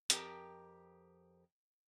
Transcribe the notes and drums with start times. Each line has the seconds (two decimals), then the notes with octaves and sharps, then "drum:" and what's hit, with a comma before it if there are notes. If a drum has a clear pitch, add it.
0.10 F2 G4 A#4, drum: hi-hat